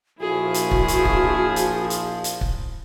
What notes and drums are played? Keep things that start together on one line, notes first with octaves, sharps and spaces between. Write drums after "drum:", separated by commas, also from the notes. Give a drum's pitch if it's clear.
A#1 F3 E4 F#4 G#4
drum: hi-hat
drum: kick
drum: hi-hat
drum: kick
drum: hi-hat
drum: hi-hat
drum: hi-hat
drum: kick